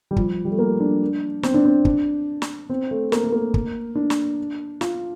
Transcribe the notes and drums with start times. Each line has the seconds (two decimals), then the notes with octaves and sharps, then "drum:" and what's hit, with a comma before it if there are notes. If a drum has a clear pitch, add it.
0.11 G3
0.16 F3, drum: kick
0.45 G3
0.51 A3
0.59 A#3
0.80 D4
1.43 C4, drum: snare
1.54 D4
1.65 C4
1.85 D4, drum: kick
2.42 drum: snare
2.70 C4
2.91 A3
3.12 A#3, drum: snare
3.24 A3
3.32 A#3
3.54 drum: kick
3.95 D4
4.10 drum: snare
4.81 F4, drum: snare